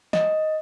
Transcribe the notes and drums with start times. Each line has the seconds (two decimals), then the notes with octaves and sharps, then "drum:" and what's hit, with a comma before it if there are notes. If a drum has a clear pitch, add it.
0.13 D#5, drum: snare